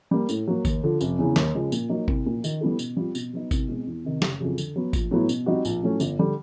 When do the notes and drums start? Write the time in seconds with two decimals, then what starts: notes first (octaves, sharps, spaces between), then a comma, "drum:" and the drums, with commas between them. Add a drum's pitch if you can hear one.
0.11 G3 A#3
0.29 A2, drum: tambourine
0.47 F#3 A#3
0.65 D#2, drum: kick G#1, tambourine
0.83 D3 F3
1.01 F1, drum: tambourine
1.18 E2 C#3 E3
1.36 D#2, drum: snare
1.55 C#3 F3 G#3
1.72 A#2, drum: tambourine
1.89 F#3 A#3 D#4
2.08 C2, drum: kick G#1
2.25 A#2 F3
2.44 D#3, drum: tambourine
2.61 G3 B3 E4 A4
2.79 B2, drum: tambourine
2.96 G3 C4 F4
3.15 B2, drum: tambourine
3.33 F#3 B3 D#4
3.51 C2, drum: kick G#1, tambourine
3.68 B2 G#3 C4
3.87 E2
4.05 C3 D#3
4.22 F#1, drum: snare
4.40 F2 C#3 F#3
4.58 D3, drum: tambourine
4.76 F#3 B3
4.93 A#1, drum: kick G#1, tambourine
5.11 A2 F#3 B3 E4
5.29 B2, drum: tambourine
5.46 G3 C4 D#4 F#4
5.65 A#1, drum: tambourine
5.83 A2 F#3 A3 C#4
6.00 G1, drum: tambourine
6.19 D3 G3